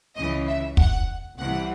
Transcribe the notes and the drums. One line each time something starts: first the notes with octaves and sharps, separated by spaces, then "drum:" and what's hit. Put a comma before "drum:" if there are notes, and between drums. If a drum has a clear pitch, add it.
C#2 C#3 E3 D#5
E5
F#5, drum: kick
C2 C3 E3 F#5